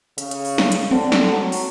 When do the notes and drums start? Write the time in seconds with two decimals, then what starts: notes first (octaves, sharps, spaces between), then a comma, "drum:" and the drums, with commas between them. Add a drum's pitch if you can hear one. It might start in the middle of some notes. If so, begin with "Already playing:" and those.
0.18 C#3, drum: hi-hat
0.31 drum: hi-hat
0.45 drum: open hi-hat
0.58 drum: snare
0.72 drum: hi-hat
0.91 D3 C4
1.12 drum: snare
1.31 F#3
1.52 drum: open hi-hat